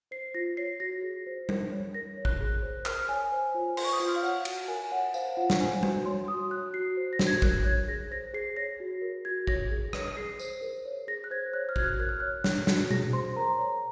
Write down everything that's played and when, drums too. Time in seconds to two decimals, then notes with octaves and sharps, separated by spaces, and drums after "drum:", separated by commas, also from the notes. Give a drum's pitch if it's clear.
0.11 C5 C7
0.34 F4 A#6
0.57 C#5 C7
0.80 F#4 A#6
1.03 G#4
1.26 C5
1.49 A#4, drum: tom G3
1.71 C#5
1.94 A#4 A#6
2.17 C#5
2.25 F#6, drum: kick A1
2.40 G#4
2.62 C5
2.86 A#4 F6, drum: clap
3.09 C#5 G#5
3.32 C5
3.54 F4
3.77 C5 C6, drum: cymbal
3.85 C#6
3.93 D#6
4.00 F4
4.08 F6
4.16 F5
4.23 C#5 F#5
4.45 F#4, drum: cymbal
4.68 A#4 G#5
4.91 C#5 F#5
5.14 C5 F5, drum: tambourine
5.37 F4 F#5
5.50 drum: snare
5.60 C5 G#5
5.83 F#4, drum: tom G3
6.05 C#5 C6
6.28 F#4 D#6
6.51 C#5 F#6
6.74 F#4 C7
6.97 C5
7.13 A#6
7.19 F#4, drum: snare
7.27 G#6
7.42 A#4 F#6, drum: kick A1
7.65 C#5 G#6
7.88 G#4 A#6
8.11 C5 A#6
8.34 G#4 C7
8.57 C#5 A#6
8.80 F#4
9.02 A#4
9.25 F#4 G#6
9.47 C#5 A#6, drum: kick A1
9.71 G#4
9.93 C#5, drum: rim click
10.17 G#4 C7
10.40 C5, drum: tambourine
10.62 A#4
10.86 C#5
11.08 G#4 A#6
11.24 F#6
11.31 C5 G#6
11.54 C#5 F#6
11.69 F6
11.76 F#4 G#6, drum: kick A1
11.84 F#6
11.99 A#4 F#6
12.09 F6
12.20 C#5 F#6
12.44 C#5, drum: snare
12.67 F#4, drum: snare
12.91 G#4 A#6, drum: tom B2
13.13 C5 C6
13.36 A#4 A#5
13.59 C#5